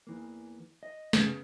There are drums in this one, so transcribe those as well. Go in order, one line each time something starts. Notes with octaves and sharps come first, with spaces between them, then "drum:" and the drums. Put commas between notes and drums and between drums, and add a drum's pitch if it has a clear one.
E2 E3 A#3
D#5
C#3 B3, drum: snare